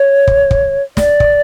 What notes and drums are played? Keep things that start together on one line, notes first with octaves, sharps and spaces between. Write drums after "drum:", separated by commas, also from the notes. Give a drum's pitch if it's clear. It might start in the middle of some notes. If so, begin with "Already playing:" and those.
Already playing: C#5
drum: kick
drum: kick
D5, drum: snare
drum: kick